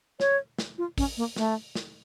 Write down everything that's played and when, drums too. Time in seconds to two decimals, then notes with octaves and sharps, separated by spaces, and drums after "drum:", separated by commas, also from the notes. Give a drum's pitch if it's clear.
0.20 C#5, drum: snare
0.58 drum: snare
0.78 F4
0.98 C#4, drum: kick, open hi-hat
1.17 A#3
1.36 A3, drum: snare
1.75 drum: snare